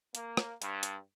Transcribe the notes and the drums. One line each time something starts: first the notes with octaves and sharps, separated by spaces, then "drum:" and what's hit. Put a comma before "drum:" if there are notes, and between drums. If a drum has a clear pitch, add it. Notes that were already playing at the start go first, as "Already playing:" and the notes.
A#3, drum: hi-hat
drum: rim click
G2, drum: hi-hat
drum: hi-hat